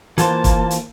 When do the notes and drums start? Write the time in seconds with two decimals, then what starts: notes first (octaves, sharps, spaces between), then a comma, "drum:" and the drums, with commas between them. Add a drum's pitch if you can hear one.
0.18 E3 A#3 F4 C5 A5, drum: hi-hat
0.44 drum: kick, hi-hat
0.71 drum: hi-hat